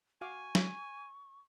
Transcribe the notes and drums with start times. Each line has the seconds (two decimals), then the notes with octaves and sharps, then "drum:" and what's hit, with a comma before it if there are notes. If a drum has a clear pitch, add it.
0.21 F#4 F5 G#5 C#6 D6
0.55 drum: snare F#3